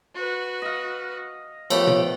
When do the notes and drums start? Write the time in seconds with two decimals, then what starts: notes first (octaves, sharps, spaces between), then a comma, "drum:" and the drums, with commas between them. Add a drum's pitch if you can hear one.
0.15 F#4 B4
0.62 D#5 F5
1.70 F3 A3 B3 G4 A#4 C#5, drum: cymbal
1.87 drum: tom